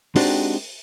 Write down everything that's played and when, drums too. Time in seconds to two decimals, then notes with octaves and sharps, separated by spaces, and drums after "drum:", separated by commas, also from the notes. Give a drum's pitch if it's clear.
0.16 G#3 C4 D4 D#4 F#4 G4, drum: open hi-hat